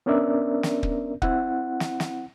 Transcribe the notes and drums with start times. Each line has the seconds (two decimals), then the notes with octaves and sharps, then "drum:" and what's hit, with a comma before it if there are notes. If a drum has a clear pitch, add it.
0.06 B3 C#4 D4 A#4 D5 E5
0.63 drum: snare
0.83 drum: kick
1.22 C4 E4 F#5, drum: kick
1.80 drum: snare
2.00 drum: snare